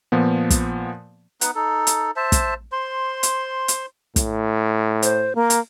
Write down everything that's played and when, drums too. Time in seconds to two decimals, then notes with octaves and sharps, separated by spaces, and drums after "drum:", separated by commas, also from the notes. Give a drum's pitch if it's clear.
0.12 A#2 F3 B3
0.50 drum: kick, hi-hat
1.41 B3 D#4 B4 F#5, drum: hi-hat
1.55 D#4 A4
1.87 drum: hi-hat
2.16 C5 E5 A5
2.32 drum: kick, hi-hat
2.72 C5 C6
3.23 drum: hi-hat
3.68 drum: hi-hat
4.16 A2, drum: kick, hi-hat
5.02 C5, drum: hi-hat
5.35 A#3
5.50 drum: hi-hat